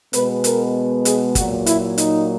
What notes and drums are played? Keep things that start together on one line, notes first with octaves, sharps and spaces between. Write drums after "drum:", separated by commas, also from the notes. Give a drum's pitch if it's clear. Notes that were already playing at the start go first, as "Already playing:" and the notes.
B2 G#3 B3 B4, drum: hi-hat
A#4, drum: hi-hat
G#4, drum: hi-hat
A#2 F#3 A#3 F#4, drum: kick G1, hi-hat
E4, drum: hi-hat
D#4, drum: hi-hat